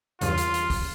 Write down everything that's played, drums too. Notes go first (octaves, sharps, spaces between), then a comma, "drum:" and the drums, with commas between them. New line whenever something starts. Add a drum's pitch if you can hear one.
E2 G2 C#3 F4, drum: hi-hat
drum: hi-hat
drum: hi-hat
drum: kick, open hi-hat